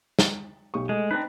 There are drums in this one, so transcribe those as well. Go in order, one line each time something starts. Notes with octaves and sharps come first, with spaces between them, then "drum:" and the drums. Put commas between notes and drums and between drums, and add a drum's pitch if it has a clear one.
drum: snare
B1 G4 C#6
G#3 A3
C4 D4 D#4 B4